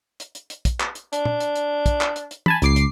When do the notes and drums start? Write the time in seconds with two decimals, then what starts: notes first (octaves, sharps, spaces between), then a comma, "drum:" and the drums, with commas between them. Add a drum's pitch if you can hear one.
0.20 drum: hi-hat
0.35 drum: hi-hat
0.50 drum: hi-hat
0.65 drum: kick, hi-hat
0.80 drum: clap
0.95 drum: hi-hat
1.13 D4, drum: hi-hat
1.25 drum: tom
1.40 drum: hi-hat
1.56 drum: hi-hat
1.86 drum: kick, hi-hat
2.01 drum: clap
2.16 drum: hi-hat
2.31 drum: hi-hat
2.46 G#5 A5 B5, drum: tom
2.62 C#2 D6 C7, drum: hi-hat
2.76 drum: hi-hat